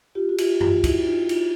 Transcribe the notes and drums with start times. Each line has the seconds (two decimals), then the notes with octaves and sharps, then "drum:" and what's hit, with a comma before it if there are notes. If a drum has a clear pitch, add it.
0.15 F4 G4
0.29 F#4
0.38 F4 G4, drum: cymbal
0.61 F4 G4, drum: tom F#2
0.84 E4 F#4, drum: kick, cymbal
1.06 D#4 F4
1.29 D#4 F4, drum: cymbal